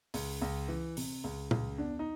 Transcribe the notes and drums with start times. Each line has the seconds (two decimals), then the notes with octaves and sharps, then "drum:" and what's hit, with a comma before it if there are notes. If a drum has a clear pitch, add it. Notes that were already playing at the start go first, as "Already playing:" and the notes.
0.14 C#2, drum: open hi-hat
0.42 C#2
0.68 E3
0.97 C3, drum: open hi-hat
1.24 C#2
1.51 C#2, drum: tom
1.78 E2 D4
1.99 D#4